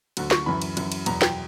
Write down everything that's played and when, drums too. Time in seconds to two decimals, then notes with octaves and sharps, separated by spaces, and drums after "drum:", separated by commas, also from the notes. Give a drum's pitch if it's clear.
0.17 D2 D3 F#3, drum: cymbal
0.31 C#6, drum: snare
0.46 F#2 E3 B5
0.62 drum: cymbal
0.77 F#2 E3, drum: cymbal
0.92 drum: cymbal
1.06 E2 B2 F#3 A#5, drum: cymbal
1.22 G5, drum: snare